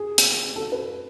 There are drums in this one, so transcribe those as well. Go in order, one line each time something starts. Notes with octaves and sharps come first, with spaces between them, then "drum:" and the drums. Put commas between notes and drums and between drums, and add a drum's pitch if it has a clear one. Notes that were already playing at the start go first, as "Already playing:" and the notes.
Already playing: G#4
drum: hi-hat
A4
B4